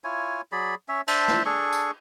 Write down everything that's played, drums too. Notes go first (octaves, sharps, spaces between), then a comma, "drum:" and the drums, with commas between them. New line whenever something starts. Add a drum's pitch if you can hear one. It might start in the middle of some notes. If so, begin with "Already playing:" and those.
E4 F4 C#5 G#5
F#3 G#4 D5 B5
C#4 C#5 E5
D4 C5 E5 A5, drum: cymbal
drum: snare
D4 G#4 A4 C#6
drum: tambourine